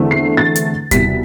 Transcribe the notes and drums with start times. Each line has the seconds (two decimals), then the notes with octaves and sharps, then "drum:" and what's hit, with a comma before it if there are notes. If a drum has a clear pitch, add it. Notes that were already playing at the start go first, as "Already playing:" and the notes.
Already playing: E2 D3 A3 C4 E4
0.11 C7
0.37 A6
0.56 drum: hi-hat
0.91 C2 B2 G3 B6, drum: kick D#2, hi-hat